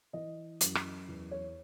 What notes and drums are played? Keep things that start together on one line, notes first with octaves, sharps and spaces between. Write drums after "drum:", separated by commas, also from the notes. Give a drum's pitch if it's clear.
E3 D#5
F#2, drum: hi-hat
drum: rim click
E2
C#5